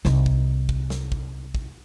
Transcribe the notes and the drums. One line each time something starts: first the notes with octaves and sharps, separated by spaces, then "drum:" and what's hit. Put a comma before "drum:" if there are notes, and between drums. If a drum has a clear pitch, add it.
C2 D#4, drum: snare
drum: kick
drum: kick
drum: snare
drum: kick
drum: kick